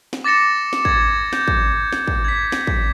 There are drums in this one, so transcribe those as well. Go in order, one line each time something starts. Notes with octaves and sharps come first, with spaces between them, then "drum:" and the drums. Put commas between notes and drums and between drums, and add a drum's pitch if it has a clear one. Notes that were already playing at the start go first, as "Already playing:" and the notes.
drum: snare
D6 A6 A#6 C#7 E7
drum: snare
G#6 A6, drum: kick
G6, drum: snare
drum: kick
drum: snare
drum: kick
G#6 B6
drum: snare
drum: kick